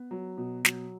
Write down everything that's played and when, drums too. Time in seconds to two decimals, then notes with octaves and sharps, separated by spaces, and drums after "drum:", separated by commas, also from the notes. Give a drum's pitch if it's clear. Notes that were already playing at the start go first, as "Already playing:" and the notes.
Already playing: B3
0.11 F#3
0.37 B2
0.65 F#3, drum: snare